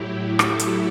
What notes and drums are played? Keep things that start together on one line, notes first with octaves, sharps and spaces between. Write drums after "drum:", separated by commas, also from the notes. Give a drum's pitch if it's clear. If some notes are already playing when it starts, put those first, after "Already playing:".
Already playing: A2 F#3 E4 G4
F#4 A4, drum: rim click
drum: hi-hat